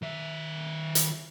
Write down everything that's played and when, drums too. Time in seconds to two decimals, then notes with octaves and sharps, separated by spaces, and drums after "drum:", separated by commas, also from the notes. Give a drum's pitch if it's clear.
0.02 D#3 E5
0.95 drum: hi-hat